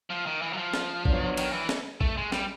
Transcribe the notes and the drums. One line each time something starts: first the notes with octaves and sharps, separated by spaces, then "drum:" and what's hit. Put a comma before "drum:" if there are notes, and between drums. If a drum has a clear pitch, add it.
F3
D#3
E3
F#3
F3
drum: snare
F#3 B3 D4, drum: kick A1
D#3, drum: cymbal
E3
drum: snare
A3, drum: kick A1
G#3
G3, drum: snare